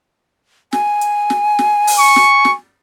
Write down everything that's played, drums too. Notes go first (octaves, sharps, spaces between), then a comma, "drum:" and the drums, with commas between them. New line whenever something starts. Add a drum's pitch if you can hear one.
G#5, drum: snare
drum: hi-hat
drum: snare
drum: snare
drum: open hi-hat
C#6
drum: snare
drum: snare